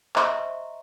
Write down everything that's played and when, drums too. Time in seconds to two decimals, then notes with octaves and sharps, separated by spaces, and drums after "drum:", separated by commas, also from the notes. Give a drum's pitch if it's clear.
0.16 C5 D#5 E5 A#5 C6 C#6, drum: clap